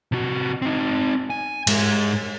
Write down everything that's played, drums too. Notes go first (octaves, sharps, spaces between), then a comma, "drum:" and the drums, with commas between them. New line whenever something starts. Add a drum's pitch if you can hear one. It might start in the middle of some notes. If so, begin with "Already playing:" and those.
C3 F#4
C4 D#4
G#5
G#2 G#3, drum: cymbal